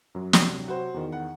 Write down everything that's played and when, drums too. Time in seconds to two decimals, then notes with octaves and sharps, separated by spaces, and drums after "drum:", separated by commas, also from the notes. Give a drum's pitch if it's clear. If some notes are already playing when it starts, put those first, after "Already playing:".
0.15 F#2 F#3
0.33 C3 F#3, drum: snare
0.68 F#4 C5
0.94 E2 D#3
1.12 F#5